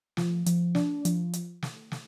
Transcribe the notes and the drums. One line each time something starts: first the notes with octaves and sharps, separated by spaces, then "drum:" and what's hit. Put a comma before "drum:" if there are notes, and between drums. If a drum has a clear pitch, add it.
F3, drum: snare
F3, drum: hi-hat
D4, drum: snare
F3, drum: hi-hat
drum: hi-hat
drum: snare
drum: snare